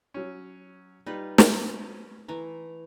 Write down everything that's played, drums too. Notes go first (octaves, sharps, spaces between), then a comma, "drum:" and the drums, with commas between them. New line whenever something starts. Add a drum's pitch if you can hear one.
F#3 C#4
G3 D#4 F4 B4
C#4 E4 E5 C#6, drum: snare
E3 A3 A#5